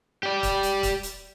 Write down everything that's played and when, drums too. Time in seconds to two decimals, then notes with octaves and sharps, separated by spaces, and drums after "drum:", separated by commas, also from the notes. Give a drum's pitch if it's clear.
0.23 G4 D5
0.43 drum: kick C#1, hi-hat
0.63 drum: hi-hat
0.83 drum: kick C#1, hi-hat
1.03 drum: hi-hat